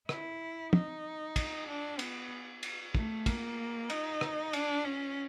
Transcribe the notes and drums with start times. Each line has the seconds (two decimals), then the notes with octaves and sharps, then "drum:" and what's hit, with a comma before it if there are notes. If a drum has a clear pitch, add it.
0.09 E4, drum: rim click
0.73 D#4, drum: tom
1.36 drum: kick, cymbal
1.68 D4
1.99 B3, drum: cymbal
2.63 drum: cymbal
2.95 A3, drum: kick
3.26 A#3, drum: kick, cymbal
3.90 D#4, drum: cymbal
4.21 drum: rim click
4.53 D4, drum: cymbal
4.85 C#4